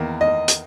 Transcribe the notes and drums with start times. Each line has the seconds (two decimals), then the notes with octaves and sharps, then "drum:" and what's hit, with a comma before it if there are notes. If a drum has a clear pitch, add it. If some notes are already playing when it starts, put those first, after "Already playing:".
Already playing: E2 D#3 A#3
0.21 D#5
0.48 drum: hi-hat